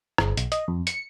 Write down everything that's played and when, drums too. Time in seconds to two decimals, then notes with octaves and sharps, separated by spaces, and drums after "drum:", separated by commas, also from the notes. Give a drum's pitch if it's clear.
0.18 G1, drum: rim click
0.37 B1, drum: hi-hat
0.52 D#5, drum: hi-hat
0.68 F2
0.87 C#7, drum: hi-hat